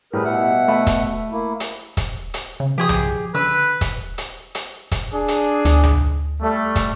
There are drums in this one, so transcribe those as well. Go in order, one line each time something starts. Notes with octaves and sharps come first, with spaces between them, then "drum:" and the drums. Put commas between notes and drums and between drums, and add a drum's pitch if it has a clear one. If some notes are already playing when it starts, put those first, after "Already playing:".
A2 G3 G#4 A#4 B4
B2 E5 F#5
A3 F5 B5
drum: kick, hi-hat
A#3 E4
drum: hi-hat
drum: kick, hi-hat
drum: hi-hat
C#3
F3 G4 G#4 D#6
drum: tom B1
D3 B4 E6
drum: kick, hi-hat
drum: hi-hat
drum: hi-hat
drum: kick, hi-hat
D4 G#4
drum: hi-hat
D2, drum: hi-hat
drum: tom B1
G3 A3
drum: kick, hi-hat